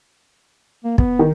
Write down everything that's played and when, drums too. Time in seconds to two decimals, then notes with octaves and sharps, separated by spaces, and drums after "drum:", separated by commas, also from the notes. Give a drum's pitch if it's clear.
0.84 A#3
0.98 B3, drum: kick
1.19 D#3